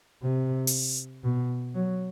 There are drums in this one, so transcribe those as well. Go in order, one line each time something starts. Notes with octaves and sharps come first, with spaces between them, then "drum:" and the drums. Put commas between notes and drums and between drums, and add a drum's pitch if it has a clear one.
C3
drum: open hi-hat
B2
F#3